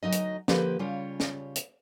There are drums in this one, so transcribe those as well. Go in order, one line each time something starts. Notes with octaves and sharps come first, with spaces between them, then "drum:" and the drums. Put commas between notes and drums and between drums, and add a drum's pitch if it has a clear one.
D2 F#3 G#3 D#4 D#5
drum: hi-hat
D3 F3 A#3 G4 B4, drum: snare
C#3 G3 F4 C#5
drum: snare
drum: hi-hat